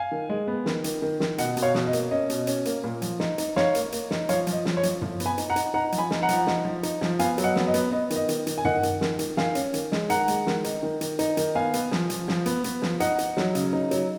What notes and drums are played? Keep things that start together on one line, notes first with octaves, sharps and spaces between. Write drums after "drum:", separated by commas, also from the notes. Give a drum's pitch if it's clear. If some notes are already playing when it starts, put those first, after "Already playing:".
Already playing: F5 G#5
D#3
G#3
B3
D#3, drum: snare
D#3, drum: hi-hat
D#3
D#3, drum: snare
B2 D#5 F#5, drum: hi-hat
B2, drum: hi-hat
C#5 F5
B2, drum: snare
D#5
A#3, drum: hi-hat
C#4 D#5
B2, drum: hi-hat
C#4, drum: hi-hat
A#3, drum: hi-hat
A#2
F3, drum: hi-hat
D#4, drum: snare
D#4, drum: hi-hat
D#4 C#5 F5, drum: snare
A#3, drum: hi-hat
A#3, drum: hi-hat
D#4, drum: snare
F3 C#5 F5, drum: hi-hat
F3, drum: hi-hat
D#5
F3, drum: snare
C#5
F3, drum: hi-hat
F3, drum: tom
B3, drum: hi-hat
G#5 B5
D#4, drum: hi-hat
F#5 A#5
D#4, drum: hi-hat
D#4 F#5 A#5
F3, drum: hi-hat
G#5 B5
D#4, drum: snare
F#5 A#5
F3, drum: hi-hat
D#4, drum: snare
F3
D#4, drum: hi-hat
F3, drum: snare
B3 F5 G#5, drum: hi-hat
F#3, drum: hi-hat
D#5 F#5
B3, drum: snare
D#5
B3, drum: hi-hat
B3 D#5
D#3, drum: hi-hat
D#5
D#3, drum: hi-hat
D#3, drum: hi-hat
G#5
D#3 D#5 F#5, drum: tom
D#3, drum: hi-hat
D#3, drum: snare
D#3, drum: hi-hat
D#3 F5 G#5, drum: snare
C#4, drum: hi-hat
D#3, drum: hi-hat
G#3, drum: snare
D#3 F#5 A#5, drum: hi-hat
G#3, drum: hi-hat
D#3, drum: snare
D#4, drum: hi-hat
D#3
D#3, drum: hi-hat
D#4, drum: hi-hat
D#3, drum: hi-hat
B3 F5 G#5
B3, drum: hi-hat
F3, drum: snare
F3, drum: hi-hat
F3, drum: snare
B3, drum: hi-hat
B3, drum: hi-hat
F3, drum: snare
D#4 D#5 F#5, drum: hi-hat
D#4, drum: hi-hat
F#3, drum: snare
C#3, drum: hi-hat
D#4
F#3, drum: hi-hat